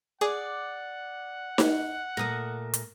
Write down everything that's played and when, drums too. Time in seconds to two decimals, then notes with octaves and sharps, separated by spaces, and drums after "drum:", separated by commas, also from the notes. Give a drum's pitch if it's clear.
0.21 G#4 D5 F#5 D6
1.58 drum: snare D#4
2.17 A#2 A3 A#4 D#6
2.74 drum: hi-hat